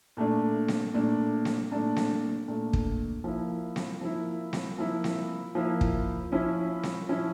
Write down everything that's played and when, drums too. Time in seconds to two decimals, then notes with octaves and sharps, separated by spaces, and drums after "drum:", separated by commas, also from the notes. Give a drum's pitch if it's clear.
0.17 A#2 A3 D4
0.68 drum: snare C4
0.94 A#2 A3 D4
1.45 drum: snare C4
1.71 A#2 A3 D4
1.96 drum: snare C4
2.48 A#2 A3 D4
2.73 drum: kick
3.24 F3 A#3 E4
3.76 drum: snare C4
4.01 F3 A#3 E4
4.53 drum: snare C4
4.78 F3 A#3 E4
5.04 drum: snare C4
5.55 F3 A#3 E4
5.81 drum: kick
6.32 F3 C#4 E4
6.83 drum: snare C4
7.09 F3 C#4 E4